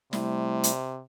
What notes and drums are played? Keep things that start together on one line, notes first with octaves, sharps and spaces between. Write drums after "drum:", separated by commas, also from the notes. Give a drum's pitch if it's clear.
C3 G3 A3 E4, drum: snare
drum: hi-hat